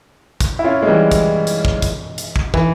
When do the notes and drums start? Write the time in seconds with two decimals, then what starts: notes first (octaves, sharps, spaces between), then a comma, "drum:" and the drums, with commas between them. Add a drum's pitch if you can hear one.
0.41 drum: kick, hi-hat
0.59 E4
0.64 C#4 F4
0.82 G#3
0.87 E3 G3
1.11 drum: kick, hi-hat
1.47 drum: hi-hat
1.65 drum: kick
1.82 drum: kick, hi-hat
2.18 drum: hi-hat
2.36 drum: kick
2.54 E3, drum: kick